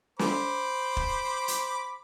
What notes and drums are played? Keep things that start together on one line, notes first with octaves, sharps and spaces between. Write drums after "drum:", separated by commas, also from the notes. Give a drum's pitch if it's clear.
C5 B5 D6, drum: snare
drum: kick
drum: hi-hat